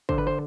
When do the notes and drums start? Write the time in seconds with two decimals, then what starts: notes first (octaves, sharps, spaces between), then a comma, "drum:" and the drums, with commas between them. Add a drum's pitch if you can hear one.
0.09 D3 C5, drum: kick
0.18 B4
0.27 C5